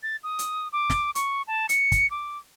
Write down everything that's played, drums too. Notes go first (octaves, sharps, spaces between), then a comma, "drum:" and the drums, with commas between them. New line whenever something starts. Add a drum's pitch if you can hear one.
A6
D#6
drum: hi-hat
D6
drum: snare
C#6, drum: hi-hat
A5
C#7, drum: hi-hat
drum: kick, hi-hat
D6